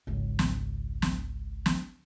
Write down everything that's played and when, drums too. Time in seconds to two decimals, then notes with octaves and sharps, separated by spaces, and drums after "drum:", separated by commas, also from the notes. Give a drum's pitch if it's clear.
0.07 G#1 C#2
0.39 drum: snare
1.02 drum: snare
1.66 drum: snare